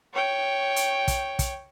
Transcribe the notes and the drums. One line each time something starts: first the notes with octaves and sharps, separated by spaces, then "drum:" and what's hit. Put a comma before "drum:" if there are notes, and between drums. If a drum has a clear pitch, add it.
C#5 G5
drum: hi-hat
drum: kick, hi-hat
drum: kick, hi-hat